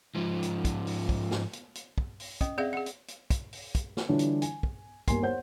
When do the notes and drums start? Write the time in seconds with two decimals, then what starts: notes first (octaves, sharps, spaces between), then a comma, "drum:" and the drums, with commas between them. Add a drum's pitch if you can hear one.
0.15 G#2 F3
0.43 drum: hi-hat
0.65 drum: kick, hi-hat
0.87 drum: open hi-hat
1.09 drum: kick
1.31 drum: snare
1.53 drum: hi-hat
1.75 drum: hi-hat
1.98 drum: kick
2.20 drum: open hi-hat
2.41 C#4 D#5 D#6, drum: kick, hi-hat
2.58 C4 G#4 D5 E5 F5
2.73 G#4 F#5
2.86 drum: hi-hat
3.08 drum: hi-hat
3.30 drum: kick, hi-hat
3.53 drum: open hi-hat
3.75 drum: kick, hi-hat
3.97 drum: snare
4.09 D3 E3 G3 D4 F4 C#5
4.19 drum: hi-hat
4.42 G#5, drum: hi-hat
4.63 drum: kick
5.08 G1 D#2 A#4 G#5 C6 C7, drum: kick, hi-hat
5.23 C5 C#5 F#5 G6